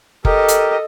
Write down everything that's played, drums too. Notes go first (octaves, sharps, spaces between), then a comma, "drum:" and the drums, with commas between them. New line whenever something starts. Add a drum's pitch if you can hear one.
G4 A4 A#4 D#5, drum: kick F#1
drum: hi-hat